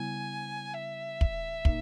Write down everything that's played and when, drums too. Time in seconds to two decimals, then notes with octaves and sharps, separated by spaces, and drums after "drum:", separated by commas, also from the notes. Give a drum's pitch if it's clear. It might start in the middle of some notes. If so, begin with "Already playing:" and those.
Already playing: C#3 G3 B3 E4 G#5
0.74 E5
1.21 drum: kick
1.65 A#2 A#3 D#4, drum: kick